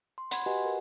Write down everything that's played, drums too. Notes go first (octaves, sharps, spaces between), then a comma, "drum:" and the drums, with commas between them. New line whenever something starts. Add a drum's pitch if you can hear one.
C6
F#5 B5 C6 G#6, drum: hi-hat
F#4 G4 B4 D#5 F#5 G#5
A#4